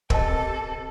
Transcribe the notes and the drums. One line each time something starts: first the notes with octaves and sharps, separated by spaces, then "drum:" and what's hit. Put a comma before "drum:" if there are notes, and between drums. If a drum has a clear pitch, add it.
C3 A4 A#4 D#5 A5, drum: kick